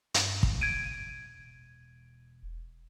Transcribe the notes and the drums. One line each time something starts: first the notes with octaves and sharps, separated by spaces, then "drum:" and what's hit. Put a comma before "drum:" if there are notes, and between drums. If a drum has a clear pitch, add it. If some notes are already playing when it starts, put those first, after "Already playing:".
G2, drum: hi-hat
drum: kick
E1 G#6 D7 D#7